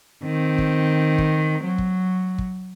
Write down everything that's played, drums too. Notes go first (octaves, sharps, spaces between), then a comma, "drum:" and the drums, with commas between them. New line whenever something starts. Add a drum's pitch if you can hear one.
D#3 C4
drum: kick
drum: kick
F#3
drum: kick
drum: kick